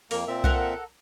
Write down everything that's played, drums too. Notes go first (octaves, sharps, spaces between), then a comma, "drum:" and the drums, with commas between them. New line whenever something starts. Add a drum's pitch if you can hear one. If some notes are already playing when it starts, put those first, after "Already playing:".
F2 A#3 A#4, drum: open hi-hat
A#2 C4 E5
A4 A#4 F#5, drum: kick C2